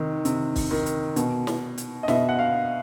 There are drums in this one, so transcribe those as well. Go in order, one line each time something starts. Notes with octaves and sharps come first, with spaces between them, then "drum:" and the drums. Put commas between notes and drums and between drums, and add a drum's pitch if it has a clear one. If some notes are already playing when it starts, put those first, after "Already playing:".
Already playing: C3 D#3
C3, drum: hi-hat
drum: kick, open hi-hat
D#3
drum: hi-hat
B2, drum: hi-hat
drum: snare
drum: hi-hat
D#5
B2 E5, drum: snare
F#5
F5